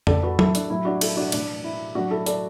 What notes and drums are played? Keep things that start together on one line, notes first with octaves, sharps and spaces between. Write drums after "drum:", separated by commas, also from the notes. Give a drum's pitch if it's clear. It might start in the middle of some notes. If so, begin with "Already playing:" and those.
A2 E3 A4 D5, drum: tom F2
F#4 B4
E4 A4, drum: tom F#3
D4, drum: hi-hat
A2 F#3 E4
D4 F#4
E4 A4, drum: cymbal
D4 F#4
A2 E3 D4, drum: cymbal
E4
A2 F#3 D4 F#4
E4 A4
A4 D5, drum: hi-hat